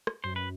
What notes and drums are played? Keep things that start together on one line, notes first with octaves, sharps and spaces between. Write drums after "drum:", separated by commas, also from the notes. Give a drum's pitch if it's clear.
drum: rim click
F#2 C5
B4